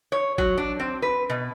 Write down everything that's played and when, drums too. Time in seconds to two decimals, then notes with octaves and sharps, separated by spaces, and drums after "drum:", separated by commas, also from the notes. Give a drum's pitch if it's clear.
0.12 C#5
0.38 F#3, drum: kick G1
0.58 D4
0.80 C4
1.02 B4
1.30 B2